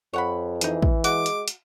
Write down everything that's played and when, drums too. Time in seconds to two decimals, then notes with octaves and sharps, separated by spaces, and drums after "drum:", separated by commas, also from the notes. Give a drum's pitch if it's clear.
0.14 F2 C#5 F#5 B5
0.61 E3 D#4 G#4, drum: hi-hat
0.82 drum: kick
1.04 G#3 F#4 D6, drum: hi-hat
1.26 drum: hi-hat
1.48 drum: hi-hat